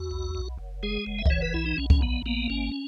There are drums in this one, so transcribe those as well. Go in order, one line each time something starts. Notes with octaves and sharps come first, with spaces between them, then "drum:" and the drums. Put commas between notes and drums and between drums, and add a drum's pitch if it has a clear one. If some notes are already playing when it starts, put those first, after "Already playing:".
Already playing: E2 F#4
B1
B1
F#1
G#3 G#4
F#1
E5
D#5, drum: kick C#2
E3 C#5
B4
B1 E4
D#4
B1 C#4
C#4, drum: kick C#2
A#1 B3
A#3 B3
G#1 C#4